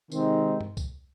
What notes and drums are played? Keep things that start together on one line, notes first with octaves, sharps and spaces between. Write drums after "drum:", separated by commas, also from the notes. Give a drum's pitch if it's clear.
C3 D#3 G#3 C4 D#4, drum: tambourine
drum: tom G2
drum: kick C2, tambourine